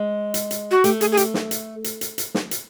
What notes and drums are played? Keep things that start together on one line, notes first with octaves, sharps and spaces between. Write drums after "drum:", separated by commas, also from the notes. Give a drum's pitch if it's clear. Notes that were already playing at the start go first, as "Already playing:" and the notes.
Already playing: G#3
drum: hi-hat
drum: hi-hat
F#4
A3 G4, drum: hi-hat
G#4, drum: hi-hat
G#4
G4, drum: hi-hat
drum: snare
drum: hi-hat
drum: hi-hat
drum: hi-hat
drum: hi-hat
drum: snare
drum: hi-hat